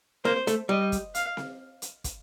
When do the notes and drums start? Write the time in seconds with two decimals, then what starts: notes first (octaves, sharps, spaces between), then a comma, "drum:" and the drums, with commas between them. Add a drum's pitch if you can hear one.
0.24 A#3 C5, drum: snare C4
0.47 A3, drum: hi-hat
0.69 G3 D#5
0.92 drum: kick, hi-hat
1.15 F5, drum: hi-hat
1.37 drum: snare C4
1.82 drum: hi-hat
2.04 drum: kick, hi-hat